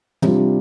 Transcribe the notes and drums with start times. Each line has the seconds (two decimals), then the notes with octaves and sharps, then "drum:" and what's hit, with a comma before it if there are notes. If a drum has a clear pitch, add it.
0.22 C3 G3 D4 F4, drum: tom